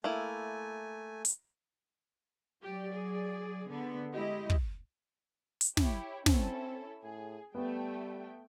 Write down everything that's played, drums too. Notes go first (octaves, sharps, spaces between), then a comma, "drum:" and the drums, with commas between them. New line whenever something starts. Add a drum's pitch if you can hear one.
A3 A#3 E4 G#5
drum: hi-hat
F#3 G4 D5
G#4
D3 B3
G#3 E4 G4 D#5
drum: kick
drum: hi-hat
E4 G4 C#5, drum: snare
C4 C#4 E4 A4, drum: snare
A2 G#4
G3 A3 B3 B4 G5